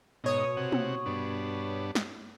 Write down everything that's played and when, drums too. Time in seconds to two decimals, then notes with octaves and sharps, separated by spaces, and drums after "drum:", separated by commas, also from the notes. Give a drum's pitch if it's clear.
0.24 G#2 B2 D#4 C#5 D#6
0.57 C3 F#5
0.72 drum: tom
1.06 G2 B3 D4
1.95 drum: snare